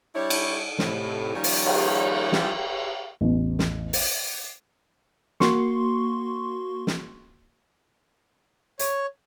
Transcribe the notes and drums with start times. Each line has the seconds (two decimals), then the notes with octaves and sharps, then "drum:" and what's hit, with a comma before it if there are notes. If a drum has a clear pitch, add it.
0.15 G3 D4 E4 C#5
0.30 drum: cymbal
0.79 A2 C3, drum: snare
1.35 D#3 F3 G3 A#3 C#4 C#5
1.44 drum: open hi-hat
1.66 drum: cymbal
2.32 E3 F3 G3 D4 F4, drum: snare
3.21 A1 E2
3.59 drum: snare
3.93 drum: open hi-hat
5.40 A#3 F#4 C6 C#6, drum: snare
6.87 drum: snare
8.79 C#5, drum: hi-hat